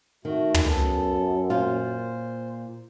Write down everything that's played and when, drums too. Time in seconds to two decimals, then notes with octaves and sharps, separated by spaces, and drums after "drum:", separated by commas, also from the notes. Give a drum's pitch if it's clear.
0.25 D#3 A3 F#4
0.54 drum: tom
0.65 F#2 B3 G#4 A4
1.50 A#2 F4 C5